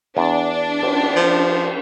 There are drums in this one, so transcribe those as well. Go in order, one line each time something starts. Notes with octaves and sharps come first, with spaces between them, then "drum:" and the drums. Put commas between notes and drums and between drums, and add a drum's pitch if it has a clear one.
E2 D4
drum: cymbal
F3